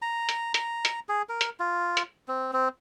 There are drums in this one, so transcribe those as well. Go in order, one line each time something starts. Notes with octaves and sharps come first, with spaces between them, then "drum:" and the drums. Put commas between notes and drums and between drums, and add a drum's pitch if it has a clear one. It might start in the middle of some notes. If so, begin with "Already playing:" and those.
A#5
drum: hi-hat
A#5, drum: hi-hat
drum: hi-hat
G#4
A#4
drum: hi-hat
F4
drum: hi-hat
C4
C4